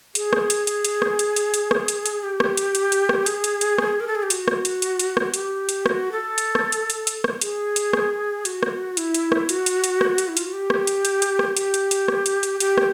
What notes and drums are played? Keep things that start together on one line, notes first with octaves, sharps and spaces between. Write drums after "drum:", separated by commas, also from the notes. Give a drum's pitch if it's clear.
G#4, drum: hi-hat
drum: rim click
drum: hi-hat
drum: hi-hat
drum: hi-hat
drum: rim click
drum: hi-hat
drum: hi-hat
drum: hi-hat
drum: rim click
drum: hi-hat
drum: hi-hat
G4
drum: rim click
drum: hi-hat
drum: hi-hat
drum: hi-hat
drum: rim click
G#4, drum: hi-hat
drum: hi-hat
drum: hi-hat
drum: rim click
A#4
A4
G#4
G4
F#4, drum: hi-hat
drum: rim click
drum: hi-hat
drum: hi-hat
drum: hi-hat
drum: rim click
G4, drum: hi-hat
drum: hi-hat
F#4, drum: rim click
A4
drum: hi-hat
drum: rim click
drum: hi-hat
drum: hi-hat
drum: hi-hat
drum: rim click
G#4, drum: hi-hat
drum: hi-hat
drum: rim click
F#4, drum: hi-hat
drum: rim click
E4, drum: hi-hat
drum: hi-hat
drum: rim click
F#4, drum: hi-hat
drum: hi-hat
drum: hi-hat
drum: rim click
drum: hi-hat
E4
F4, drum: hi-hat
F#4
G4
drum: rim click
drum: hi-hat
drum: hi-hat
drum: hi-hat
drum: rim click
G4, drum: hi-hat
drum: hi-hat
drum: hi-hat
drum: rim click
drum: hi-hat
drum: hi-hat
G4, drum: hi-hat
drum: rim click